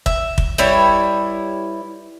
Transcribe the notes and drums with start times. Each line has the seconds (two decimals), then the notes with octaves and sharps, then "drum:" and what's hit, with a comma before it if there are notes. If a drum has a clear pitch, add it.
0.06 E5, drum: kick
0.38 drum: kick
0.58 G3 E4 B4 C#5